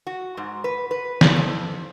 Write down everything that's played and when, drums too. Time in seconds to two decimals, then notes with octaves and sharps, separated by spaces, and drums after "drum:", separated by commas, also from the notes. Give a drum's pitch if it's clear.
0.07 F#4
0.37 G#2
0.64 B4
0.91 B4
1.21 G#2, drum: snare
1.36 F2